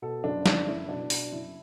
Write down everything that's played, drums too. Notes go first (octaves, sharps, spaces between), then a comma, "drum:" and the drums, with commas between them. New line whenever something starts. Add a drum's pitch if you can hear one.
B2 A4
F#1 D4
F#1 D4, drum: snare
F#1 E4
B2 D4
B2, drum: open hi-hat
F#1 E4